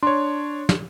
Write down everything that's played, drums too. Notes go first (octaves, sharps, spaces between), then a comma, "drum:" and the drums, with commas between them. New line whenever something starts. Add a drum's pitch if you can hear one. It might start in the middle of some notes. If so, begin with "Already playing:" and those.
D4 C#5 C6
drum: snare